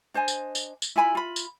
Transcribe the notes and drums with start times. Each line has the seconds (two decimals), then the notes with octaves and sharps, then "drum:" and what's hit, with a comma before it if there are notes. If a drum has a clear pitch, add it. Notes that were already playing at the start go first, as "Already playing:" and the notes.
0.14 D4 C5 D#5 G#5
0.28 drum: tambourine
0.55 drum: tambourine
0.82 drum: tambourine
0.96 E4 F4 G#5 B5
1.15 F4 B5
1.36 drum: tambourine